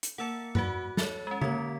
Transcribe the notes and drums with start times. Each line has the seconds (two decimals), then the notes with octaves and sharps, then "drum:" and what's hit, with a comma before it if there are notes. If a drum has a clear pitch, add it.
0.03 drum: hi-hat
0.18 A#3 E5 F#5 A5 E6 C#7
0.55 F#4 B4 D5 F#5 F#6, drum: tom G2
0.97 A4 C#5 A6, drum: snare
1.27 G#3 C#4
1.41 D3 A#3 C#5 B6, drum: tom C#3